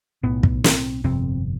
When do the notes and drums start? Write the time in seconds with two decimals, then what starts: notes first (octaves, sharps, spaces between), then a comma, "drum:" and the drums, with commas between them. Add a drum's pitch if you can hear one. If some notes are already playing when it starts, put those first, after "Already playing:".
0.23 B1 A2 B3
0.43 drum: kick
0.64 C4, drum: snare
1.04 G1 F2 C3 C4